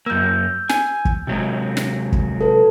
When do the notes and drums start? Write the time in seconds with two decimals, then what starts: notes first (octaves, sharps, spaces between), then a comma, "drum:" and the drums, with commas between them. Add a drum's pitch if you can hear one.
0.06 F#2 A#3 E6 G6
0.69 G#5, drum: snare
1.05 drum: kick
1.27 C3 F#3 G#3
1.77 drum: snare
2.12 drum: kick
2.39 F#4 A4 B4